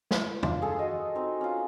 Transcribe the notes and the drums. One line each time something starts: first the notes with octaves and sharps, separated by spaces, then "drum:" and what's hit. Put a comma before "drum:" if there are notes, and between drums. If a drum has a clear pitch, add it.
drum: snare
B4
D4 F4, drum: tom
G#4 A4
F#4 D#5
C4 D#4
C#4 F4